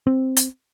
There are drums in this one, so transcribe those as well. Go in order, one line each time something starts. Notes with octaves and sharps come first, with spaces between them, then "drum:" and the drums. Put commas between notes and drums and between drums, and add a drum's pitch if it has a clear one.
C4
drum: hi-hat